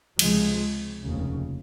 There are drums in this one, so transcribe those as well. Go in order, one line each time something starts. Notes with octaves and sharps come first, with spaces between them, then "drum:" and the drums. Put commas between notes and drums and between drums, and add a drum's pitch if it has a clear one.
C#2 C3 F3 G#3, drum: cymbal
F1 D#2 C#3